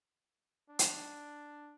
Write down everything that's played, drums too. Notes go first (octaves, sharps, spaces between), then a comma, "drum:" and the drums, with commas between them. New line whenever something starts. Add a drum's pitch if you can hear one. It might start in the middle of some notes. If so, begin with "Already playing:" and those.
D4
drum: hi-hat